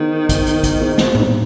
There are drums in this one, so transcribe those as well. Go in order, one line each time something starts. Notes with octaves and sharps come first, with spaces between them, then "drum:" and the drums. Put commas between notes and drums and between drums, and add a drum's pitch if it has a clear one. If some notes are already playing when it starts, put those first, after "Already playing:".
Already playing: D#3 B3 E4 G#4 C5
B3 E4 G#4 C5, drum: kick, hi-hat
drum: hi-hat
drum: kick, hi-hat
B3 E4 G#4 C5
drum: snare
drum: tom A2